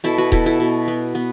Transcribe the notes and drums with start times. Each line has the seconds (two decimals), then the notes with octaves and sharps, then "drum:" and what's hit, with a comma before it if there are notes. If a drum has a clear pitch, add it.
0.04 B2 E4 A4
0.18 F#4 B4
0.32 B2 E4 A4, drum: kick D#1
0.46 E4 A4
0.60 B2
0.88 B3
1.15 B3